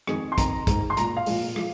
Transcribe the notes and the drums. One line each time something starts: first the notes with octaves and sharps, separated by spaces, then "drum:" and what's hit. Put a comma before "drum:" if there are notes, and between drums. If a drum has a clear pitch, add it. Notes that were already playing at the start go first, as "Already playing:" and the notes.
F2 D#3 G#3 G#4, drum: rim click
C6
F2 C3 D#3 A#5, drum: kick, hi-hat
G#2 D#3 G#3, drum: kick, hi-hat
C6
A#2 G#3 A#5, drum: hi-hat
F5
A#2 F3 G#3, drum: open hi-hat
F3 G#3, drum: rim click